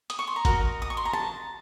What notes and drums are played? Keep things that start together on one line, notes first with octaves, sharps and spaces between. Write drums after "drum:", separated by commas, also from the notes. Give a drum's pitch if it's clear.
D#6, drum: hi-hat
C#6
C6
A#5
F#4 A#4 D#5, drum: kick G#1, hi-hat
D#6
C#6
C6
A#5
A5, drum: rim click